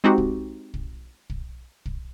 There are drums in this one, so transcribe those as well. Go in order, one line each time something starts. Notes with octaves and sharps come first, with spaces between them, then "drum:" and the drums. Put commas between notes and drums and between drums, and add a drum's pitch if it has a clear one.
G#3 C4 D#4 F#4 G4
drum: kick
drum: kick
drum: kick
drum: kick